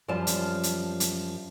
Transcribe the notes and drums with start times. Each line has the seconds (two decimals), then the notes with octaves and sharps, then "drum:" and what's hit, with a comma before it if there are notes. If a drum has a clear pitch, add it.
0.08 F#2 F3 G3 F4 A5
0.27 drum: hi-hat
0.63 drum: hi-hat
1.00 drum: hi-hat